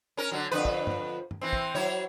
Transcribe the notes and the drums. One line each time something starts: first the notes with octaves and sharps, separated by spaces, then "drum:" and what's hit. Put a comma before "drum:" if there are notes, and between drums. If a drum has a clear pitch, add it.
C#4 A#4
D3 F#3
F2 D3 B4
drum: kick
drum: tom G2
drum: tom
E3 C4
drum: kick
F#3 E4 C#5, drum: tom